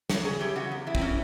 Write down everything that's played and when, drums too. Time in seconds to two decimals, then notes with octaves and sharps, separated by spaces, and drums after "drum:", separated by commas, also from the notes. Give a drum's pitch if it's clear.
0.10 E2 C#5, drum: snare
0.25 C#3 G#4
0.39 E3 G4
0.56 C#3 F#4
0.72 E2
0.87 E2 E4
0.95 C4, drum: kick
1.01 E3 C#4